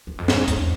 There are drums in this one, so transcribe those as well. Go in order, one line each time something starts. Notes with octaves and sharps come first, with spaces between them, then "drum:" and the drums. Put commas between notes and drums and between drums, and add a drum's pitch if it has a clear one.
E2
F2
G#2, drum: snare
E2, drum: hi-hat